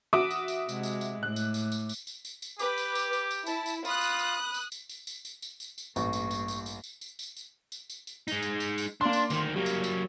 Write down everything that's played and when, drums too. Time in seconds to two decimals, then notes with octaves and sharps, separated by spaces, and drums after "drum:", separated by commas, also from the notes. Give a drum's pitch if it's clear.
0.13 F#4 E5 D6 D#6
0.30 drum: tambourine
0.48 drum: tambourine
0.69 C3 G#3, drum: tambourine
0.83 drum: tambourine
1.01 drum: tambourine
1.23 A2 F#6
1.36 drum: tambourine
1.54 drum: tambourine
1.72 drum: tambourine
1.89 drum: tambourine
2.07 drum: tambourine
2.25 drum: tambourine
2.42 drum: tambourine
2.59 G4 B4 D6, drum: tambourine
2.78 drum: tambourine
2.95 drum: tambourine
3.13 drum: tambourine
3.31 drum: tambourine
3.47 E4 A5, drum: tambourine
3.66 drum: tambourine
3.85 F4 B5 D#6 F#6, drum: tambourine
4.01 drum: tambourine
4.19 drum: tambourine
4.54 drum: tambourine
4.72 drum: tambourine
4.89 drum: tambourine
5.07 drum: tambourine
5.25 drum: tambourine
5.42 drum: tambourine
5.60 drum: tambourine
5.78 drum: tambourine
5.96 A1 G2 A#3 C#6, drum: tambourine
6.13 drum: tambourine
6.31 drum: tambourine
6.48 drum: tambourine
6.66 drum: tambourine
6.84 drum: tambourine
7.01 drum: tambourine
7.19 drum: tambourine
7.37 drum: tambourine
7.72 drum: tambourine
7.90 drum: tambourine
8.07 drum: tambourine
8.28 G#3 D#4, drum: tambourine
8.43 drum: tambourine
8.60 drum: tambourine
8.78 drum: tambourine
9.01 A#3 D4 C6
9.13 drum: tambourine
9.30 D2 D#3, drum: tambourine
9.56 F#3 G3 A#3
9.66 drum: tambourine
9.84 drum: tambourine